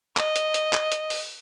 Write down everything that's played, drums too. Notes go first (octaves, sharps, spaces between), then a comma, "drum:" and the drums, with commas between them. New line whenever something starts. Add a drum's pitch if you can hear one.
D#5, drum: clap
drum: hi-hat
drum: hi-hat
drum: clap
drum: hi-hat
drum: open hi-hat